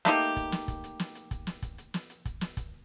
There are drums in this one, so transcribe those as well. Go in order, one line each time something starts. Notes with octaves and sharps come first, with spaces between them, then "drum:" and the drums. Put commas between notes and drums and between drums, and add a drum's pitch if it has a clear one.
A3 A#3 D#4 G4, drum: snare
drum: hi-hat
drum: kick, hi-hat
drum: snare
drum: kick, hi-hat
drum: hi-hat
drum: snare
drum: hi-hat
drum: kick, hi-hat
drum: snare
drum: kick, hi-hat
drum: hi-hat
drum: snare
drum: hi-hat
drum: kick, hi-hat
drum: snare
drum: kick, hi-hat